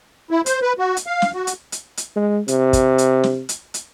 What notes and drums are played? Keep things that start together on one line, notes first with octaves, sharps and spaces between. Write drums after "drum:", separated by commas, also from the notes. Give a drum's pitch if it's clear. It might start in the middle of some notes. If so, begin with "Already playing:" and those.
E4
C5, drum: hi-hat
B4
F#4
drum: hi-hat
F5
drum: snare
F#4
drum: hi-hat
drum: hi-hat
drum: hi-hat
G#3
C3, drum: hi-hat
drum: kick, hi-hat
drum: hi-hat
drum: snare
drum: hi-hat
drum: hi-hat